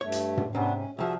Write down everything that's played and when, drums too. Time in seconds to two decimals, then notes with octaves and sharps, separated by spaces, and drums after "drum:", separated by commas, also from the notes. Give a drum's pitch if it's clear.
0.01 G2 A3 C#5
0.12 drum: hi-hat
0.37 drum: tom
0.55 G#2 C3 B3 C#4 D4
0.76 C#4
0.99 C2 F3 F#4 G#4 E5